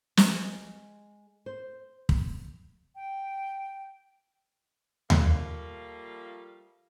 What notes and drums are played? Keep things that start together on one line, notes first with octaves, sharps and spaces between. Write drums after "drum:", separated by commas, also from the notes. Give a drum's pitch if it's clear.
G#3, drum: snare
C5
drum: kick
G5
F3 G3 A3 A#3 F4, drum: tom D#2